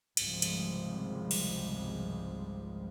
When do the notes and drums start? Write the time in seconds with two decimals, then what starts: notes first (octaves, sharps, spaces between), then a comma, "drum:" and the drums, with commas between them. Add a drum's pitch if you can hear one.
0.17 G#1 C#2 C3 F3 G3 G#3, drum: cymbal
0.42 drum: cymbal
1.31 drum: cymbal